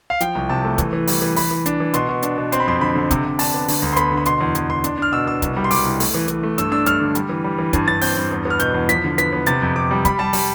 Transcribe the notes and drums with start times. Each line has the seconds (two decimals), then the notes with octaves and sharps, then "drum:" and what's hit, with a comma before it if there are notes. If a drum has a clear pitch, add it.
0.10 F5
0.21 F3 G5, drum: hi-hat
0.35 C2
0.49 C3 A5
0.65 A3
0.78 E3, drum: kick, hi-hat
0.93 E3
1.07 G3, drum: open hi-hat
1.22 E3
1.36 E3 B5, drum: open hi-hat
1.51 E3
1.66 D4, drum: hi-hat
1.80 E3
1.94 B2 C6, drum: hi-hat
2.09 B2
2.23 D4, drum: hi-hat
2.37 B2
2.52 C4 C6, drum: hi-hat
2.60 B5
2.67 F2 C6
2.81 D3 B5
2.95 D3
3.11 C3, drum: kick, hi-hat
3.25 C3
3.39 D4 A5, drum: open hi-hat
3.54 B3
3.68 D3, drum: open hi-hat
3.82 D2
3.93 C6
3.96 B3 B5, drum: hi-hat
4.11 D3
4.17 B5
4.26 B2 C6, drum: hi-hat
4.41 E2
4.55 E2, drum: hi-hat
4.70 E2 C6
4.84 D4, drum: hi-hat
4.98 D4 F6
5.12 B2 E6
5.26 B2 E6
5.42 C2, drum: kick, hi-hat
5.57 G3
5.64 C6
5.71 C2 D6, drum: open hi-hat
5.85 C2
6.00 A3, drum: open hi-hat
6.15 E3
6.28 E3, drum: hi-hat
6.43 A3
6.58 G2 E6, drum: hi-hat
6.72 D4 E6
6.86 G2 F6, drum: hi-hat
7.01 D3
7.15 G3, drum: hi-hat
7.29 E3
7.44 G3
7.58 E3
7.73 G2, drum: kick, hi-hat
7.88 G2 A6
8.01 C4 G6, drum: open hi-hat
8.17 G2
8.31 E2
8.45 B3
8.50 F6
8.59 B2 G6, drum: hi-hat
8.74 E2
8.89 F3 B6, drum: hi-hat
9.04 D3
9.18 B3 B6, drum: hi-hat
9.32 B3
9.46 C3 A6, drum: hi-hat
9.62 F2
9.76 F2 D6
9.91 G3
10.05 G3 B5, drum: kick, hi-hat
10.19 G3 A5
10.33 G3, drum: open hi-hat